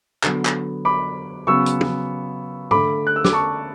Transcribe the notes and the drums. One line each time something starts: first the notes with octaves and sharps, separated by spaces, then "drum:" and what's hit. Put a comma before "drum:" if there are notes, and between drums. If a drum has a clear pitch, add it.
D3 F#3 B3, drum: clap
drum: clap
B5 D6
C#3 F#3 B3 C#6 E6
drum: hi-hat
drum: tom
D3 A3 B5 D6, drum: tom G#2
F#6
E6
D6, drum: snare
A5 C#6